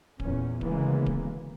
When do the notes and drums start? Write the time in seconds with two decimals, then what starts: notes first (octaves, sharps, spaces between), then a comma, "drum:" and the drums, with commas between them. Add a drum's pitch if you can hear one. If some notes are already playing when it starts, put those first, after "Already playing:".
0.20 E2 A#2 C#4, drum: kick D1
0.61 D2 C#3 E3 G#3 A#3 B3, drum: kick D1
1.06 drum: kick D1